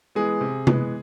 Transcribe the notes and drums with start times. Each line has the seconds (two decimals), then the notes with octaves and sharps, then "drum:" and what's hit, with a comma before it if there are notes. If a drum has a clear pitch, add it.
0.15 E3 G#3 B3 G#4
0.41 C3
0.67 E3 G#3 B3, drum: tom C3